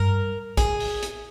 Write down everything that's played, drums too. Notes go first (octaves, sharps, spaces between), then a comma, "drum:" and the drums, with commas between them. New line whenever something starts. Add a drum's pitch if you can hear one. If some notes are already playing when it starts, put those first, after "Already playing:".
Already playing: G2 A#4
G#4, drum: kick A#1, hi-hat
drum: open hi-hat
drum: hi-hat